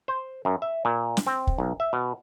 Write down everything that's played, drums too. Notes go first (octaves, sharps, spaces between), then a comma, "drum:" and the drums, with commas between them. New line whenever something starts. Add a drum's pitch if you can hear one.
C5
F#2
E5
A#2
drum: snare
C4
drum: kick
B1
E5
B2